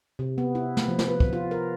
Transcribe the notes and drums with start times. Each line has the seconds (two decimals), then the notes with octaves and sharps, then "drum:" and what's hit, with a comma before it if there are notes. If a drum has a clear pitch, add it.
0.19 C3
0.38 B3
0.55 E4
0.77 drum: snare
0.88 F3
0.99 drum: snare
1.08 B4
1.20 drum: kick
1.33 F4
1.51 A#4